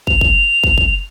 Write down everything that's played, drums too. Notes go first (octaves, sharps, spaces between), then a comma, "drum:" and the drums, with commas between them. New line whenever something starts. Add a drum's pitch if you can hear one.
F7, drum: kick
drum: kick
drum: kick
drum: kick